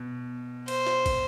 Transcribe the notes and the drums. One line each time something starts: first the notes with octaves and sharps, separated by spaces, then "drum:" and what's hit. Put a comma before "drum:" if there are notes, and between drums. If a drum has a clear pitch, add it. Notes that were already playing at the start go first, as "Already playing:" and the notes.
Already playing: B2
C5, drum: cymbal
drum: snare
drum: kick, cymbal